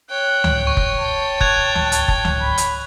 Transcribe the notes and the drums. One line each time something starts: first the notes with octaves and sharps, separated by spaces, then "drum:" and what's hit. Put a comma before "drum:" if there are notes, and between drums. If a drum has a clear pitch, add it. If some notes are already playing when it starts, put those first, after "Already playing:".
C#5 G5 F#6
drum: tom C#2
C#6
drum: kick F1
A5
F#6 G#6 F7, drum: kick F1
drum: tom C#2
drum: hi-hat
drum: kick F1
drum: tom C#2
B5
drum: hi-hat